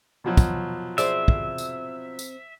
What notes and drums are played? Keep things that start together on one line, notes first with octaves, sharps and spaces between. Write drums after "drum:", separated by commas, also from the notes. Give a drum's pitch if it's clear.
B2 F3 F#3
drum: kick, tambourine
C4 G#4 D5 E5, drum: tambourine
drum: kick
drum: tambourine
drum: tambourine